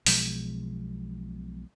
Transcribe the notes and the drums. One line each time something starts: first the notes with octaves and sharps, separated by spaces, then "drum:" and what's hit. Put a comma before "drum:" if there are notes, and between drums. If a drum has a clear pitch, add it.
B1 B2 F3 G#3, drum: open hi-hat